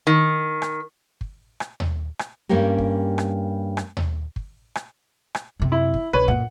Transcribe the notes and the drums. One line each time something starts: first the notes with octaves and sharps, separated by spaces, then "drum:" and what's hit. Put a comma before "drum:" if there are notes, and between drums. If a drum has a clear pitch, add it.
D#3
drum: rim click
drum: kick
drum: rim click
drum: tom D#2
drum: rim click
G2 G3 A#3 C#4 G4 A#4
drum: kick
drum: rim click
drum: rim click
drum: tom D#2
drum: kick
drum: rim click
drum: rim click
F#2 C3
E4
drum: kick
B1 B4 C#5
F#2 A#2 F#5